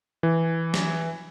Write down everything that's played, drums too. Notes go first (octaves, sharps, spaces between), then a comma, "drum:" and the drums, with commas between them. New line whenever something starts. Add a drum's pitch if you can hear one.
E3
drum: snare